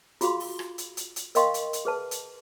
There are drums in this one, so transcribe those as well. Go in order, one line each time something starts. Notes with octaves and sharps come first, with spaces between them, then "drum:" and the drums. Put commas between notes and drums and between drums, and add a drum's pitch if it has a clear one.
F4 F#4 G#4 F5 B5 C6, drum: hi-hat
drum: open hi-hat
drum: rim click
drum: hi-hat
drum: hi-hat
drum: hi-hat
A#4 D#5 F5 G5 C6 C#6, drum: hi-hat
drum: hi-hat
drum: hi-hat
G#4 B4 A5
drum: hi-hat